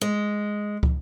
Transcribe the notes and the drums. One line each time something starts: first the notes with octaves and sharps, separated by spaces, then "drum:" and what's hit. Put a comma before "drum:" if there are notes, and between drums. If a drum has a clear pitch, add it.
G#3
drum: kick